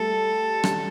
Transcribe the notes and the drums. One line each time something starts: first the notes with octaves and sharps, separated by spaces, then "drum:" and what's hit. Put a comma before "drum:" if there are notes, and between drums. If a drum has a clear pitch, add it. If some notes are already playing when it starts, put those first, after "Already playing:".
Already playing: G3 A3 A4
drum: rim click